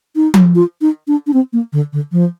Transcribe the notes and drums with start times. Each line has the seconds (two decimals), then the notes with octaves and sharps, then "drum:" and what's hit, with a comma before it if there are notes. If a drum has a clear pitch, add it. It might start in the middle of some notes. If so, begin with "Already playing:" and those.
0.16 D#4
0.34 drum: tom F3
0.55 F4
0.81 D#4
1.08 D4
1.27 D4
1.34 C4
1.53 A#3
1.73 D3
1.93 D3
2.12 F3